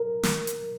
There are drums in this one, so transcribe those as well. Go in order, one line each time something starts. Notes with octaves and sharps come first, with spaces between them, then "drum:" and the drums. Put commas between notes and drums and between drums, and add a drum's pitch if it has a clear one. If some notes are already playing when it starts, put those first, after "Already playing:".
Already playing: A#4
drum: snare
drum: hi-hat